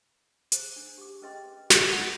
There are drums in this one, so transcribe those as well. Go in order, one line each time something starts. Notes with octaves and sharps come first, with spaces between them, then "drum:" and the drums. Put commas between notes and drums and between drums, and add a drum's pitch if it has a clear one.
G#4 C5, drum: hi-hat
D4
G4 D6
C#4 G#4 B4 D#5 G5 C6
drum: snare
G#4 F#5 A#5 D6